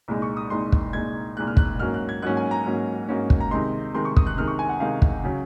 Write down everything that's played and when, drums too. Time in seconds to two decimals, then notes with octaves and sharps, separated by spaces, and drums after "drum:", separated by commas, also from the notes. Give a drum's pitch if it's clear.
0.08 C2 A#2 G#3 D#4
0.22 C#6
0.37 D#6
0.50 C2 A#2 G#3 D#4 C6
0.72 drum: kick
0.93 C2 A#2 G#3 D#4 G#6
1.37 C2 A#2 G#3 D#4 F#6
1.47 F6
1.57 F#6, drum: kick
1.79 G#2 F#3 A#3 C#4 F6
1.94 F#6
2.09 G#6
2.22 G#2 F#3 A#3 C#4 F#6
2.37 G#5
2.51 A#5
2.66 G#2 F#3 A#3 C#4
3.09 G#2 F#3 A#3 C#4
3.30 drum: kick
3.40 A#5
3.51 C3 D#3 G#3 D#4 C6
3.94 C3 D#3 G#3 D#4 C6
4.05 C#6
4.17 D#6, drum: kick
4.27 F#6
4.38 C3 D#3 G#3 D#4 F6
4.48 C#6
4.59 G#5
4.69 F#5
4.80 C3 D#3 G#3 D#4 F5
5.02 drum: kick
5.24 C#3 F#3 C#4